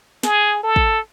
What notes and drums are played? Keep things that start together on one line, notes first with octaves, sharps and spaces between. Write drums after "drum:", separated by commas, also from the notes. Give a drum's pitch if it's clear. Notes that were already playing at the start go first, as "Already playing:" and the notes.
G#4, drum: snare
A4
drum: kick